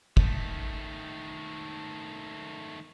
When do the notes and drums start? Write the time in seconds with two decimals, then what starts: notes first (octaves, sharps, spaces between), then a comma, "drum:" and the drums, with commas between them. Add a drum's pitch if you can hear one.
0.17 D#3 A3, drum: kick